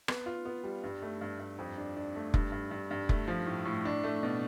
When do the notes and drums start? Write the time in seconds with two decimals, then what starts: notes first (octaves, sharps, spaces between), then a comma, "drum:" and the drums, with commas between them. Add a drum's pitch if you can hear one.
0.08 B3, drum: rim click
0.26 F4
0.45 B3
0.64 G3
0.83 G2
1.02 A3
1.21 G2
1.40 G2
1.59 F2
1.78 D4
1.97 D4
2.15 A3
2.34 G2, drum: kick F1
2.52 G2
2.71 G2
2.91 G2
3.09 A3, drum: kick F1
3.28 F3
3.46 A2
3.65 A2
3.85 D4
4.03 A3
4.23 B2